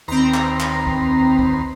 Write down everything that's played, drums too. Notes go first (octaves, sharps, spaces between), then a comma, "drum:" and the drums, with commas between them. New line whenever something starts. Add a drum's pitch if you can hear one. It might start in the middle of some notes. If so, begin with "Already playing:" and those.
D#2 C4 B4 A#5 C6
drum: clap
drum: clap
drum: kick
drum: kick